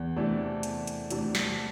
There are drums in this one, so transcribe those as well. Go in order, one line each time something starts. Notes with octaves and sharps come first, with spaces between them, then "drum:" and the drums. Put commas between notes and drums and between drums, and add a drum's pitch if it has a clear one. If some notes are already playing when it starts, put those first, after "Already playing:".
Already playing: E2
C3 E3 A3 D4
E2, drum: hi-hat
drum: hi-hat
C3 E3 A3 D4, drum: hi-hat
drum: snare